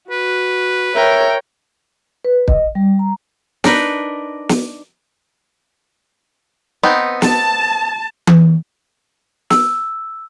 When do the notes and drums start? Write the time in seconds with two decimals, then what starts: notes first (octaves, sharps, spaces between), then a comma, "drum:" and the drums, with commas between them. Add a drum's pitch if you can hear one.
0.10 F#4 B4
0.95 A#4 C#5 E5 G5
2.25 B4
2.48 D#5, drum: kick
2.75 G3
2.99 A#5
3.64 D4 D#4 A#4 B4, drum: snare
4.49 drum: snare
6.83 B3 C4 D#4
7.22 A5, drum: snare
8.27 drum: tom E3
9.50 E6, drum: snare